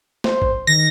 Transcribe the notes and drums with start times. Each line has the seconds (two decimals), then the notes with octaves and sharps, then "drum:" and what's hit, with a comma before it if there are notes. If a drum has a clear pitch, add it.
0.24 C5, drum: snare A3
0.42 drum: kick
0.67 D#3 A#6